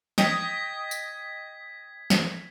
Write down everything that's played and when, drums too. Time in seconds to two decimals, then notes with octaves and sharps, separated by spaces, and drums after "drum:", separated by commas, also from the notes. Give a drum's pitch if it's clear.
0.18 D#5 G5 D#6 G#6 B6, drum: snare
0.91 drum: tambourine
2.10 drum: snare